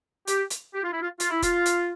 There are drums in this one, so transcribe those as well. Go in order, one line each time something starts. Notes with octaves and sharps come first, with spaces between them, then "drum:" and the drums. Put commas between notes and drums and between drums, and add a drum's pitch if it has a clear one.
G4, drum: hi-hat
drum: hi-hat
G4
F4
E4
F4
F4, drum: hi-hat
E4
F4, drum: kick F1, hi-hat
drum: hi-hat